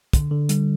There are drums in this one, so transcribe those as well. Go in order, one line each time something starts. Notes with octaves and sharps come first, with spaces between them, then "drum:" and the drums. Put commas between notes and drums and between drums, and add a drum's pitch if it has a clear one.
D3, drum: kick, hi-hat
D3
G3, drum: hi-hat